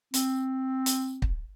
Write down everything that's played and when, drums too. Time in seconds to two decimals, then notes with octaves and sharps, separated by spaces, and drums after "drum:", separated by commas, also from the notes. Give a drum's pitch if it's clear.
0.14 C4, drum: hi-hat
0.86 drum: hi-hat
1.22 drum: kick